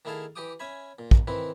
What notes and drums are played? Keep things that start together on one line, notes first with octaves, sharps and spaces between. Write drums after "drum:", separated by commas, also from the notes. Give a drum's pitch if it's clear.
D#3 A3 E4 G#4 F5 A5
E3 G4 G5 D6 D#6
C#4 E5 G#5 B5
A#2
drum: kick
D#3 E3 C4 E4 B4